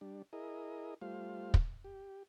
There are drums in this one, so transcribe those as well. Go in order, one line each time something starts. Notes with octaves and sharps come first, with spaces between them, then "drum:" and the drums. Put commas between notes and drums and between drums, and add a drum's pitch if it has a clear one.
G3 D4
E4 G#4 A#4 D#5
G3 A3 F4 C5 F5
drum: kick
G4